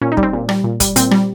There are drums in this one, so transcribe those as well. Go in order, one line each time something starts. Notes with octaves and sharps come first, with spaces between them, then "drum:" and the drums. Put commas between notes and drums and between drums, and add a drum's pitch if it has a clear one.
A#2 C#4
D#4
G3, drum: kick
C4
A#2
G3, drum: rim click
A#2
G3, drum: kick, hi-hat
A#2 C4, drum: hi-hat
G3, drum: rim click